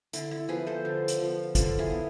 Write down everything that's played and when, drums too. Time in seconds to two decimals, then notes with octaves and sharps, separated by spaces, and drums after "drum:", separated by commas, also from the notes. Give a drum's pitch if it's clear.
0.13 D3 E4, drum: hi-hat
0.31 E4
0.49 F3 B3 G#4 B4
0.67 A4 C5
0.85 D3
1.08 drum: hi-hat
1.20 F3 B3
1.55 D3 F4 A4, drum: kick, hi-hat
1.79 E4 G#4
1.91 B3